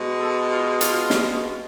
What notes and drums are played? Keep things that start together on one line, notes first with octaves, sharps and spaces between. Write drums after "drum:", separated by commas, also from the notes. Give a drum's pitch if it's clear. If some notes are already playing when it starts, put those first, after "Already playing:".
Already playing: B2 G#3
A4
F4
F4, drum: hi-hat
drum: snare